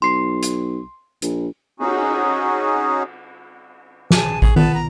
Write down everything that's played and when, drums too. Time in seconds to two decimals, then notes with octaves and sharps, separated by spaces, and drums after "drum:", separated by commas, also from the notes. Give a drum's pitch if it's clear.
0.02 B1 C6 C7
0.43 drum: hi-hat
1.22 A#1, drum: hi-hat
1.80 C#4 D#4 F#4 G#4, drum: cymbal
4.11 G#4 G#5 A5, drum: snare
4.42 G#4 C#6, drum: kick A1
4.56 B3 A5, drum: tom D#3
4.74 A#5